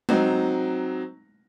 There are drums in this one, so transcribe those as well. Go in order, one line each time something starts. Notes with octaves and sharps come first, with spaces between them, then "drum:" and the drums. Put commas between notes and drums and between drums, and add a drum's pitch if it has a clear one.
F#3 C4 D#4, drum: tom G#3